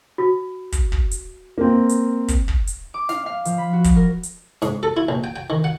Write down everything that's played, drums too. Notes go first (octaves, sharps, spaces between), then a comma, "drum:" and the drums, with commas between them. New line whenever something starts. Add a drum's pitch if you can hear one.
F#4
drum: kick, hi-hat
drum: kick
drum: hi-hat
A#3 C4
drum: hi-hat
drum: kick, hi-hat
drum: kick
drum: hi-hat
D6
F5, drum: snare
F5
F3, drum: hi-hat
B5
F#4
drum: kick, hi-hat
A#4
drum: hi-hat
G#2, drum: snare
A4
E4
A#1
G5
G5
D#3
F#5